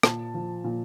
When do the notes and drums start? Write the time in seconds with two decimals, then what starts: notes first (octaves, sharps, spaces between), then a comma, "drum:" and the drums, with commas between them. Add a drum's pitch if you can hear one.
0.03 A#2 A5, drum: rim click
0.34 F3
0.64 A#2